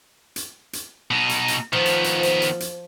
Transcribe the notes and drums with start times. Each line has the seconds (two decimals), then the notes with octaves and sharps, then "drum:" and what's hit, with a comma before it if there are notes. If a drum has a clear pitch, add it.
0.36 drum: hi-hat
0.73 drum: hi-hat
1.11 B2 D#4
1.29 drum: hi-hat
1.48 drum: hi-hat
1.73 D#3 F3 B3
1.86 drum: hi-hat
2.04 drum: hi-hat
2.23 drum: hi-hat
2.42 drum: hi-hat
2.60 drum: hi-hat